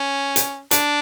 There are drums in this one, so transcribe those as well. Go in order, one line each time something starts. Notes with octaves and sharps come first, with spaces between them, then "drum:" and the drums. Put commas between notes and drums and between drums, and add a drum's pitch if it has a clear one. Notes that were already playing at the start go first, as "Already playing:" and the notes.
Already playing: C#4
drum: hi-hat
D4, drum: hi-hat